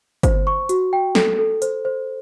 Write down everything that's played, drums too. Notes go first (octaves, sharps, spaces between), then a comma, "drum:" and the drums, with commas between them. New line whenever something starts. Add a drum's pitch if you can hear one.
C5, drum: kick G1, hi-hat
C#6
F#4, drum: hi-hat
G5
A4, drum: snare
A4
C5, drum: hi-hat
C5